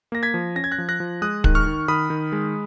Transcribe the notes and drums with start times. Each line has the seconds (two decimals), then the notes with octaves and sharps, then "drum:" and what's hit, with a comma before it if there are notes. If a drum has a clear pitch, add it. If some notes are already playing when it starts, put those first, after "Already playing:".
0.12 A#3 A#6
0.23 G#6 B6
0.34 F3
0.56 C#4 A#6
0.64 G#6
0.72 F#6 A#6
0.78 F3
0.89 F#6 A#6
1.00 F3
1.22 G#3 D#6 F#6
1.44 D#3 F#6, drum: kick
1.55 C#6 F6
1.66 D#3
1.88 D#3 B5 D#6
2.10 D#3
2.32 G#3